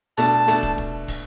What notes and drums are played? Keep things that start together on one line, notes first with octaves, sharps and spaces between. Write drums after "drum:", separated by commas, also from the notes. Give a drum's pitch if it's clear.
B2 A3 D4 A5, drum: hi-hat
B2 A3 D4, drum: hi-hat
drum: kick
drum: kick
drum: kick, open hi-hat